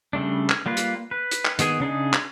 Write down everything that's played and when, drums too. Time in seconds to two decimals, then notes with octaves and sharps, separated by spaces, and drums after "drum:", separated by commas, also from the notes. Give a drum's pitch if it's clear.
0.13 C#3 G3 A3 D4
0.49 drum: clap
0.66 G3 A#3 F4 B4
0.77 drum: hi-hat
1.11 B4
1.31 drum: hi-hat
1.45 drum: clap
1.59 D#3 B3 G#4 G#5, drum: hi-hat
1.80 C#3 D4 D#4 G#4
2.13 drum: clap